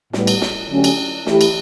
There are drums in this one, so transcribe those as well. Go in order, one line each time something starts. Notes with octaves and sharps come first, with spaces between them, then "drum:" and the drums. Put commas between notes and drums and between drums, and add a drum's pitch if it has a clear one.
A2 G3 B3, drum: snare
drum: cymbal
drum: snare
D3 F#3 A3 C#4 G4
drum: cymbal
E3 A3 E4 G4, drum: snare
drum: cymbal